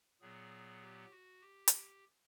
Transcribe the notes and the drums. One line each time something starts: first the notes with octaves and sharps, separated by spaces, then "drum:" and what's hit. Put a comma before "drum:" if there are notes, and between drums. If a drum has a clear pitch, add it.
A#2 F#3 B3 G#4
G4
F#4
G4
drum: hi-hat